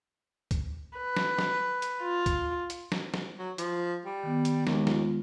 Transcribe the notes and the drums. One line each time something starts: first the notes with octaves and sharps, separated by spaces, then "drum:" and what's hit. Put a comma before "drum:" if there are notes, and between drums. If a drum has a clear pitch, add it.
drum: kick, hi-hat
B4
drum: snare
drum: snare
drum: hi-hat
F4
drum: kick, hi-hat
drum: hi-hat
drum: snare
drum: snare
F#3
F3, drum: hi-hat
G3
D#3 B3
drum: hi-hat
D#2 G#3, drum: snare
F4, drum: snare